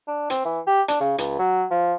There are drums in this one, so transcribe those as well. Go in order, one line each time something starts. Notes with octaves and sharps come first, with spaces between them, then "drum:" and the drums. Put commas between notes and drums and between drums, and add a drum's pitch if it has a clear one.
D4
C4, drum: hi-hat
E3
G4
D4, drum: hi-hat
C#3
C#2, drum: hi-hat
F#3
F3